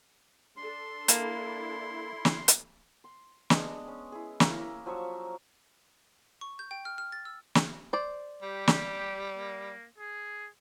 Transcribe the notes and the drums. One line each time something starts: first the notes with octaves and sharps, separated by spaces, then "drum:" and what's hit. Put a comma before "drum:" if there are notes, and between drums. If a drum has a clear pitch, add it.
D4 A4 C6
A#3 E4 A5, drum: hi-hat
drum: snare
drum: hi-hat
C6
G#3 B3 D4, drum: snare
C#4
E4 G#4
A#3 C#4 E4 A#4, drum: snare
F3 F#3 E5 C#6
C#6
G6
G5
F6
F6
A6
E6
drum: snare
C5 D5
G3 G4
drum: snare
A#3
G#4